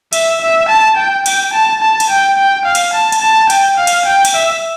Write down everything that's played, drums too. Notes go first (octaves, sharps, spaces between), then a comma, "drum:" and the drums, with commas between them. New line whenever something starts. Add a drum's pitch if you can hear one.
E5, drum: cymbal
E5
A5
G5
G5, drum: cymbal
A5
A5
drum: cymbal
G5
G5
F5
drum: cymbal
A5
drum: cymbal
A5
G5, drum: cymbal
F5
drum: cymbal
G5
drum: cymbal
E5